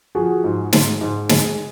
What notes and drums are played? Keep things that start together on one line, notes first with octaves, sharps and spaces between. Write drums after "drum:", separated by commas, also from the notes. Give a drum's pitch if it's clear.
F3 F#4 G#4
G#2
G#2, drum: snare
G#2
G#3, drum: snare